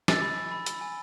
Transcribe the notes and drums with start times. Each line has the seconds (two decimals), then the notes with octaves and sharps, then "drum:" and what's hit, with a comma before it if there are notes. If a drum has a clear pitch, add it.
0.08 E6 A6, drum: snare
0.22 B5
0.37 G#5
0.51 B5
0.66 B5, drum: hi-hat
0.81 G#5